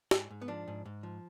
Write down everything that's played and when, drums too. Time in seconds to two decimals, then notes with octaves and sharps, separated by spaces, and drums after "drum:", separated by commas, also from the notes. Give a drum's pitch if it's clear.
0.11 G#2, drum: snare
0.30 G#2
0.42 B3
0.48 F3 D4
0.68 G#2
0.85 G#2
1.03 F3